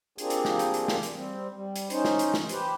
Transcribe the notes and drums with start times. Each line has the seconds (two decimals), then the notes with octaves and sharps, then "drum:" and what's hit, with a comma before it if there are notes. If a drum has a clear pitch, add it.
0.18 A#3 C4 D4 F4 G4 G#4, drum: hi-hat
0.30 drum: hi-hat
0.45 drum: snare
0.59 drum: hi-hat
0.74 drum: hi-hat
0.88 drum: snare
1.03 drum: hi-hat
1.13 G3 C4
1.53 G3
1.76 drum: hi-hat
1.90 C#4 D#4 C5, drum: hi-hat
2.05 drum: snare
2.19 drum: hi-hat
2.34 drum: snare
2.49 G4 B4 C5, drum: hi-hat